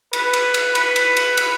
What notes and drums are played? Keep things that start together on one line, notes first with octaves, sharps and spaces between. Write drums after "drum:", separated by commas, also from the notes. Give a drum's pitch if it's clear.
B4, drum: cymbal
drum: cymbal
drum: cymbal
B4, drum: cymbal
drum: cymbal
drum: cymbal
drum: cymbal